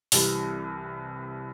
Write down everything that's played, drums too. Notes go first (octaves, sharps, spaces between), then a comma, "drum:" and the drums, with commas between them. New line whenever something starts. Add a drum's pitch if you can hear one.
C2 C3 E3 G3, drum: open hi-hat